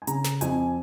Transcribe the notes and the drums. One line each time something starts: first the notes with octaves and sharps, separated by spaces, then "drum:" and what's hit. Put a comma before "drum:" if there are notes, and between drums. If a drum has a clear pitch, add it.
G#5
C#3 A#5, drum: hi-hat
drum: snare
F2 G#5, drum: hi-hat